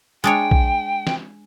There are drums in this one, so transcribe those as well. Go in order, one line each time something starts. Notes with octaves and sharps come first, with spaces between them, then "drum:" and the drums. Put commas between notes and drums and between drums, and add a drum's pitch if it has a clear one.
G#3 D4 C#5 G5
drum: kick A#1
drum: snare